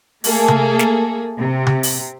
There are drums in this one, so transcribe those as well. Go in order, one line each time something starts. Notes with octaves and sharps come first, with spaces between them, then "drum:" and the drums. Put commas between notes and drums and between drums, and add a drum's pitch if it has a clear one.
A3 A#3 G#4 A4, drum: open hi-hat
drum: tom C3
drum: snare
C3
drum: tom C3
drum: open hi-hat